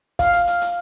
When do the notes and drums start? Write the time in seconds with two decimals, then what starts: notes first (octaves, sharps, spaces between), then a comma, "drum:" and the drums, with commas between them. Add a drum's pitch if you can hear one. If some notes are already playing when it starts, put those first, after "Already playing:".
0.19 F5, drum: kick, hi-hat
0.33 drum: hi-hat
0.47 drum: hi-hat
0.61 drum: hi-hat